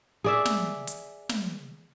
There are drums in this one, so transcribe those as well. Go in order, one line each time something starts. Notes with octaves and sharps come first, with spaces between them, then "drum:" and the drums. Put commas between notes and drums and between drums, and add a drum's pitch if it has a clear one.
G#4 D5 E5
drum: snare
drum: hi-hat
drum: snare